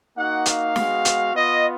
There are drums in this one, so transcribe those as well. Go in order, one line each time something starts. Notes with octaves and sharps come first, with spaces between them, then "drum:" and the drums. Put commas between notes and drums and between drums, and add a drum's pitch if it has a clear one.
A#3 D#4 F#4 F#5
F5, drum: hi-hat
G#3 B3 F#4, drum: snare
drum: hi-hat
B3 F4 D#5